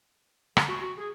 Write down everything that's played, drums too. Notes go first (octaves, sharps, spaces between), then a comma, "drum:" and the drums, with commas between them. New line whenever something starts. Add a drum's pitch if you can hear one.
D3, drum: rim click
F#4
F#4
G#4